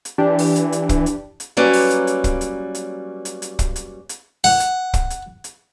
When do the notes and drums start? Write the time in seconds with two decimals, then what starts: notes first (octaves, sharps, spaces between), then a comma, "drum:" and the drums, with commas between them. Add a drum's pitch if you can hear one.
0.05 drum: hi-hat
0.18 E3 D4 G4
0.39 drum: open hi-hat
0.56 drum: hi-hat
0.72 drum: hi-hat
0.89 drum: kick, hi-hat
1.06 drum: hi-hat
1.40 drum: hi-hat
1.57 F#3 G3 A#3 C#4 B4 D5
1.73 drum: open hi-hat
1.90 drum: hi-hat
2.07 drum: hi-hat
2.24 drum: kick, hi-hat
2.41 drum: hi-hat
2.75 drum: hi-hat
3.25 drum: hi-hat
3.42 drum: hi-hat
3.59 drum: kick, hi-hat
3.76 drum: hi-hat
4.09 drum: hi-hat
4.44 F#5, drum: open hi-hat
4.60 drum: hi-hat
4.94 drum: kick, hi-hat
5.10 drum: hi-hat
5.44 drum: hi-hat